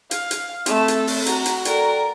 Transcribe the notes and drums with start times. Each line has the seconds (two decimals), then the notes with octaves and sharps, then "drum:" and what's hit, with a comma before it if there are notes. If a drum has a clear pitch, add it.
0.11 F5, drum: hi-hat
0.31 drum: hi-hat
0.66 A3 C4 A4, drum: hi-hat
0.88 drum: hi-hat
1.07 drum: open hi-hat
1.26 F#4 A#5, drum: hi-hat
1.46 drum: hi-hat
1.65 A4 A#4 D5 G5, drum: hi-hat